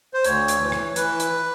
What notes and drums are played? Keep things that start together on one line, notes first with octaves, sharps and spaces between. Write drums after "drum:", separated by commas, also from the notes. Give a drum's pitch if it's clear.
C5
D2 C#5, drum: hi-hat
drum: hi-hat
E3
drum: rim click
E3 B4, drum: hi-hat
drum: hi-hat